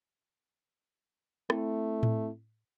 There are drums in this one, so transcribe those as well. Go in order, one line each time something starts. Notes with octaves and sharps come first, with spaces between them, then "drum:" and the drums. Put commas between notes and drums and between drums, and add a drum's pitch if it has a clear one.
A3 C4 E4, drum: rim click
drum: tom A2